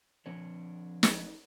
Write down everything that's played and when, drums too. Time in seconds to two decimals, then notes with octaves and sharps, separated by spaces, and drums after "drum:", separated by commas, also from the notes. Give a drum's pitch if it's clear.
0.26 F3 C4 D4 C#5
1.03 drum: snare